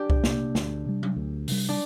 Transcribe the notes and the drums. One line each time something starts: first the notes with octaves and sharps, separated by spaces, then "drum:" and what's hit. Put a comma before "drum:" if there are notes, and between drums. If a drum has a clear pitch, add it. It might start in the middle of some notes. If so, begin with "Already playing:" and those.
Already playing: D4 G4
drum: kick C2
C3 A#3, drum: snare
D2, drum: snare
C3 G3
drum: tom F#3
D2
C3 G3, drum: open hi-hat
D4